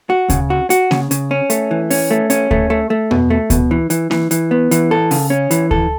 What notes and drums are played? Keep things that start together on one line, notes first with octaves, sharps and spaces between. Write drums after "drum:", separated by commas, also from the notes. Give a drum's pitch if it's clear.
F#4
C#3, drum: kick D2, hi-hat
F#4
F#4, drum: hi-hat
C#3, drum: snare A#3
C#3, drum: hi-hat
C#4
A3, drum: hi-hat
E3
C#4, drum: open hi-hat
A3
C#4, drum: hi-hat
A3, drum: kick D2
A3
A3
B2, drum: tom E2
A3
B2, drum: kick D2, hi-hat
E3
E3, drum: hi-hat
E3, drum: snare A#3
E3, drum: hi-hat
B3
E3, drum: hi-hat
A4
C#3, drum: open hi-hat
C#4
E3, drum: hi-hat
A4, drum: kick D2